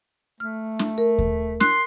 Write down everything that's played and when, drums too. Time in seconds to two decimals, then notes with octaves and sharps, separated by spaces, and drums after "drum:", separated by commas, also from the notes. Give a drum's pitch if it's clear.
0.40 A3 F6
0.79 drum: snare
0.98 A#4
1.19 drum: kick D#2
1.60 C6 F#6, drum: snare